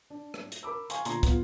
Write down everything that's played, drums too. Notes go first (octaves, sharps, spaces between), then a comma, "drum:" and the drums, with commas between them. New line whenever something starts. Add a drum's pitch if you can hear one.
D4
drum: rim click
drum: hi-hat
A#4 B5 D6 E6
F5 G#5 C6 C#6, drum: hi-hat
A#2 D3 A#5 C6 G#6, drum: hi-hat
B3 F4, drum: kick, hi-hat